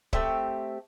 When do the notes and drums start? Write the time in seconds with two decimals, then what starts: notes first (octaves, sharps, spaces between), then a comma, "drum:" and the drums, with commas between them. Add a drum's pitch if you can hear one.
0.13 A3 C4 G4 E5, drum: kick C#1